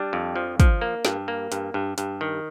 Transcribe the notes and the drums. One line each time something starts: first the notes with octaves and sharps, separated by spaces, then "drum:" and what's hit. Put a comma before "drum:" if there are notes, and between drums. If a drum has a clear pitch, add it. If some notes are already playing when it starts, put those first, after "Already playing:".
Already playing: G3 D4
F2
F3
F3, drum: kick, hi-hat
A#3
G2, drum: snare
A#3
G2, drum: hi-hat
G2
G2, drum: hi-hat
D#3